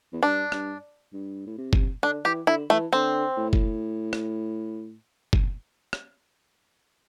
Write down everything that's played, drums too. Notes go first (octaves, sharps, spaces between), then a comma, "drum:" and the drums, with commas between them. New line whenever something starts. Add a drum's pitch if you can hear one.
E2
G2 D4
G2, drum: rim click
G2
A2
C3
drum: kick
D3 D4
E3 G4
D3 E4
E3 A3
D3 C4
A2
drum: kick
drum: rim click
drum: kick
drum: rim click